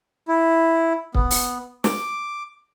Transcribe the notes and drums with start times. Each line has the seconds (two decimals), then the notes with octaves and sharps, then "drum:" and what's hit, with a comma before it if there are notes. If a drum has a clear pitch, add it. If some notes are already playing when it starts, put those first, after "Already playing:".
0.28 E4
1.15 B3, drum: kick C#1
1.31 drum: open hi-hat
1.84 D6, drum: snare